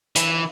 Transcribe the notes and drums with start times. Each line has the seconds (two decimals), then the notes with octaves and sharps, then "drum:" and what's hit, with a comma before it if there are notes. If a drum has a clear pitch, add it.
0.16 E3, drum: hi-hat